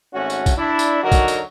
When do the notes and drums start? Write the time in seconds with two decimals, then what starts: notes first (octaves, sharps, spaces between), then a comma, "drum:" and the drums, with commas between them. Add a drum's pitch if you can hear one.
0.13 G#1 A3 C#4 F#4
0.30 drum: tambourine
0.46 drum: kick, tambourine
0.57 D4 E4
0.79 drum: tambourine
1.03 D3 F#3 D#4 F#4 A#4
1.12 drum: kick, tambourine
1.28 drum: tambourine